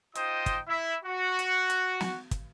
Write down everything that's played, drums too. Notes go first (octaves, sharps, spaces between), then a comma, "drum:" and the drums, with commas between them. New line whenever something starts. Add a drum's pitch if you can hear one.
D#4 F4 C5 D#5 G5 D#6, drum: hi-hat
drum: kick, hi-hat
E4 E5
F#4
drum: hi-hat
drum: hi-hat
drum: snare
drum: kick, hi-hat